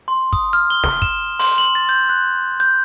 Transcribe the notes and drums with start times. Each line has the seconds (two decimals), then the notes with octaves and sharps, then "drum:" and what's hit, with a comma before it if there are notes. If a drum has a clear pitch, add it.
0.08 C6
0.33 D#6, drum: kick
0.53 F6
0.70 G7
0.84 drum: snare
1.02 E7, drum: kick
1.39 C6, drum: open hi-hat
1.58 F#7
1.75 A6
1.89 G6
2.09 F#6
2.60 G6